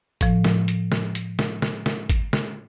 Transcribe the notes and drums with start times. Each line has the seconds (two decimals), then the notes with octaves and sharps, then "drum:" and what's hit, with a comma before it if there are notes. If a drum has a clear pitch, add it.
0.21 A2 F3, drum: kick, hi-hat
0.44 drum: snare
0.68 drum: hi-hat
0.92 drum: snare
1.15 drum: hi-hat
1.39 drum: snare
1.62 drum: snare
1.86 drum: snare
2.09 drum: kick, hi-hat
2.33 drum: snare